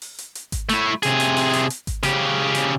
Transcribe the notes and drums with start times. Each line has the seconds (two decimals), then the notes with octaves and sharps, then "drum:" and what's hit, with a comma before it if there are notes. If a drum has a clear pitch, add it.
0.02 drum: open hi-hat
0.18 drum: hi-hat
0.35 drum: hi-hat
0.52 drum: kick G#1, hi-hat
0.69 A3 E4, drum: hi-hat
1.03 C3 G#4, drum: hi-hat
1.20 drum: hi-hat
1.37 drum: open hi-hat
1.53 drum: hi-hat
1.70 drum: hi-hat
1.87 drum: kick G#1, hi-hat
2.03 C#3 G4, drum: hi-hat
2.55 drum: hi-hat